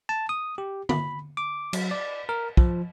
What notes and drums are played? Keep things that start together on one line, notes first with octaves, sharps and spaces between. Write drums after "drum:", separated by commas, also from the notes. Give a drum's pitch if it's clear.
A5
D#6
G4
B5, drum: tom
D6
F#3, drum: cymbal
D5
A#4
F3, drum: kick